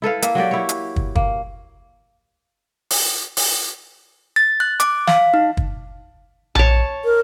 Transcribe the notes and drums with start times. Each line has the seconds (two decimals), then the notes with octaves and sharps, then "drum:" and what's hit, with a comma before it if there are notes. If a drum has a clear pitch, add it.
0.02 E4 A4 B4 F5
0.22 A#3 E5, drum: hi-hat
0.35 F#3 F#4 G4 D5
0.51 E4 C#5
0.69 drum: hi-hat
0.96 drum: kick
1.15 A#3, drum: kick
2.90 drum: open hi-hat
3.37 drum: open hi-hat
4.36 A6
4.60 F#6
4.80 D6, drum: hi-hat
5.07 F5, drum: snare
5.34 D#4
5.57 drum: kick
6.55 C#5 A5, drum: tom A#1
7.05 A#4